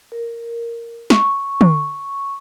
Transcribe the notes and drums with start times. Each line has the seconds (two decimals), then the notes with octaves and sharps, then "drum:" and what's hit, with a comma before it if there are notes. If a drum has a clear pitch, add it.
0.12 A#4
1.10 C#6, drum: snare
1.61 drum: tom